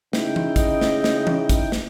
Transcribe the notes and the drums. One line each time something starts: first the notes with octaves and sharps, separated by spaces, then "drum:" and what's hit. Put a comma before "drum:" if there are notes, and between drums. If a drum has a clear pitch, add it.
C#3 D#4 E4 G5, drum: snare
drum: tom
D#5, drum: kick, hi-hat
drum: snare
drum: snare
drum: tom
drum: kick, hi-hat
drum: snare